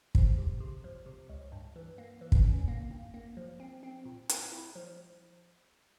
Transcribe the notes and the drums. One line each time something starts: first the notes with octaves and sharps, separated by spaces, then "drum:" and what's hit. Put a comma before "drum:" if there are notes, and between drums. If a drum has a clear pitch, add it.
F3, drum: kick
C3
C3
F3
C3
C#2
G2
E3
A#3
E3
drum: kick
C#4
A#3
G2
A#3
F3
C4
C4
A#2
C4, drum: hi-hat
E4
F3